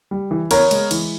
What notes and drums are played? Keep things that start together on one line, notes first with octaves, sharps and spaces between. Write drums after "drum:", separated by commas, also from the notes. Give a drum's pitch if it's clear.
G3
E3
B3 A#4 C#5, drum: cymbal
G#3, drum: cymbal
E3, drum: cymbal